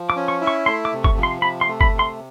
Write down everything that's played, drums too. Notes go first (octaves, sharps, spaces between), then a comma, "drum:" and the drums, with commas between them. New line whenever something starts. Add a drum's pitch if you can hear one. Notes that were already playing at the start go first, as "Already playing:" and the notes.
Already playing: F3
D6
C#4
C#6
E4
C#6
A3 C6
D6
C3
C#6, drum: kick G1
F3
C6
C3 B5
C6
A3
B5, drum: kick G1
C3
C6